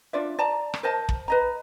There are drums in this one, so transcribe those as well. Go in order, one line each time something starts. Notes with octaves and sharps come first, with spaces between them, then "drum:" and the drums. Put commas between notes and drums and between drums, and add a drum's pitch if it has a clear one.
D4 F4 D5 E5
D5 A5 A#5
drum: rim click
A#4 C5 D#5 A5
drum: kick
B4 D#5 A#5